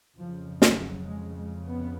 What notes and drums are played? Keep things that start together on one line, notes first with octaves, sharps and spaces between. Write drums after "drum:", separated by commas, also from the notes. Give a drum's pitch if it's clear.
F2 C#3 F3
F#3, drum: snare
G#3
G#3
B3